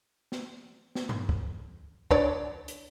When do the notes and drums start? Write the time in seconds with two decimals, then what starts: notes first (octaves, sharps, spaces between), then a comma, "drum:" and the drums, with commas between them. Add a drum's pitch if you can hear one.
0.32 drum: snare
0.95 drum: snare
1.09 drum: tom G2
1.29 drum: kick
2.11 D4 C#5 D5, drum: kick
2.68 drum: hi-hat